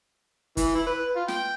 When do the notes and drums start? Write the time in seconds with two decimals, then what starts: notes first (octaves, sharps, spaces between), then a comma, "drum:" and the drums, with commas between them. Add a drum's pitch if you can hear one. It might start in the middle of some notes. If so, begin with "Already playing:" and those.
0.57 E3, drum: kick, hi-hat
0.75 E4
0.86 B4
1.16 F4
1.28 G5, drum: snare